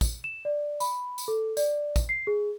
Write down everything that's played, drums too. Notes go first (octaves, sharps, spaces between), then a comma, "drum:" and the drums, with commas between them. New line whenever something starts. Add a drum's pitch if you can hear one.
drum: kick, tambourine
E7
D5
B5, drum: tambourine
drum: tambourine
A4
D5, drum: tambourine
drum: kick, tambourine
C7
G#4